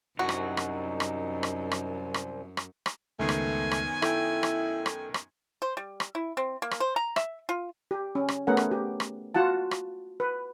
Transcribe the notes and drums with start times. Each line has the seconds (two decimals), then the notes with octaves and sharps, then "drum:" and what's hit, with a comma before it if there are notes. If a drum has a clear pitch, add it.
0.19 C2 F#2 D#4 F#4
0.29 drum: rim click
0.57 drum: rim click
1.00 drum: rim click
1.43 drum: rim click
1.71 drum: rim click
2.14 drum: rim click
2.57 drum: rim click
2.86 drum: rim click
3.20 C#2 F#2 D#3 A3 B3 G#5 C7
3.29 drum: rim click
3.71 drum: rim click
4.02 E4 A4 G5, drum: rim click
4.43 drum: rim click
4.86 drum: rim click
5.14 drum: rim click
5.62 C5
5.77 G3
6.00 drum: rim click
6.15 E4
6.37 C4
6.62 A#3
6.71 drum: rim click
6.80 C5
6.96 A#5
7.16 E5, drum: rim click
7.49 F4
7.91 G4
8.15 C#4
8.28 drum: rim click
8.47 A3 B3 C#4 G#4 A#4 F#5
8.57 drum: rim click
8.71 G4
9.00 drum: rim click
9.34 F4 F#4 F#5 A5
9.71 drum: rim click
10.20 B4